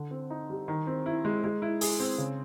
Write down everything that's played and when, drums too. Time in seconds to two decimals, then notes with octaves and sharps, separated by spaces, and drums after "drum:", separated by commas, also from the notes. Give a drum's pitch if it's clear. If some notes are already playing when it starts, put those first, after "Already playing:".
Already playing: D3
0.11 C4
0.30 D#4
0.50 G3
0.68 D#3
0.87 C4
1.06 E4
1.25 G#3
1.44 G#3
1.62 E4
1.81 G#4, drum: open hi-hat
2.00 C4
2.18 C#3